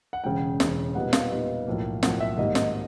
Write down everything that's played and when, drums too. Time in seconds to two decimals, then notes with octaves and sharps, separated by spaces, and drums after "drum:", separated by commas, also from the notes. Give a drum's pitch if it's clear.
0.13 F#5
0.24 E1 E2 C#3 G5
0.60 E1 E2 C#3, drum: snare
0.95 A#2 G3 B3 D#4 F#5
1.13 F5, drum: snare
1.31 A#2 G3 B3 D#4
1.67 B1 A2 F3 A#3
2.03 B1 A2 F3 A#3 F#5, drum: snare
2.20 E5
2.38 G#2 D#3 G3 A#3 D#5
2.55 D#5, drum: snare